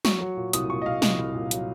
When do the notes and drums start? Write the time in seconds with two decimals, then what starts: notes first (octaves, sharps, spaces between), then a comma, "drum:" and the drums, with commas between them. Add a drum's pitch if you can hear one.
0.05 F#3 C#6, drum: snare
0.21 F#3
0.37 A#2
0.53 C2 D#6, drum: hi-hat
0.70 A#2 C#6
0.82 D#5
0.86 C2 F5
1.02 C2 D#5, drum: snare
1.19 C2
1.35 A#2
1.51 F#3, drum: hi-hat